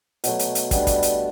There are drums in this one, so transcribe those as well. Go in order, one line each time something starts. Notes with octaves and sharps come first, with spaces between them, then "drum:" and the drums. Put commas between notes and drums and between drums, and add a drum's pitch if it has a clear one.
B2 F#3 A3, drum: hi-hat
drum: hi-hat
drum: hi-hat
G3 B3 D4, drum: kick, hi-hat
drum: kick, hi-hat
drum: hi-hat